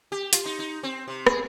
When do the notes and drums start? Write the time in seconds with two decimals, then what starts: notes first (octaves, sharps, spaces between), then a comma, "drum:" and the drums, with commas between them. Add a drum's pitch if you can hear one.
0.12 G4
0.33 F4, drum: hi-hat
0.46 D#4
0.59 D#4
0.83 C4
1.08 C3
1.27 G#4, drum: rim click